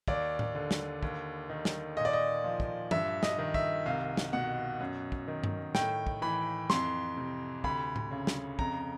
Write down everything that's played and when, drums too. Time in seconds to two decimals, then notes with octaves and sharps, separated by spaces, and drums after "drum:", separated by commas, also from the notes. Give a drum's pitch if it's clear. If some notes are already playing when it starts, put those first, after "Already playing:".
0.08 D#2 D5, drum: kick
0.39 drum: tom A2
0.55 D3
0.71 drum: snare
1.03 D#2, drum: kick
1.50 D#3
1.65 drum: snare
1.97 A#2 D#5
2.05 D5
2.13 D#5
2.44 F3
2.60 drum: kick
2.91 G2 E5, drum: tom E3
3.23 D#5, drum: snare
3.38 D#3
3.54 E5, drum: kick
3.86 C2 F5
4.17 drum: snare
4.33 B2 F#5
4.80 F#2
5.12 drum: kick
5.28 D#3
5.44 drum: tom G2
5.75 A2 G5, drum: snare
6.07 drum: kick
6.22 E3 B5
6.70 F2 C6, drum: snare
7.17 C3
7.64 D2 B5, drum: kick
7.96 drum: tom A2
8.11 C#3
8.27 drum: snare
8.59 F2 A#5, drum: kick